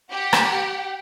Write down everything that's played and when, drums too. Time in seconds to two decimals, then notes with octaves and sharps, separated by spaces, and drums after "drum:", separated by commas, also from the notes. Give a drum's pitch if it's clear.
0.11 G4 F#5
0.33 drum: rim click